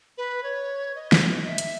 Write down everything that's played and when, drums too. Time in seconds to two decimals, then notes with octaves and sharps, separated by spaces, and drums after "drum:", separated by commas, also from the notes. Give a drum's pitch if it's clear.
0.18 B4
0.43 C#5
0.95 D#5
1.12 drum: snare
1.47 E5
1.58 drum: hi-hat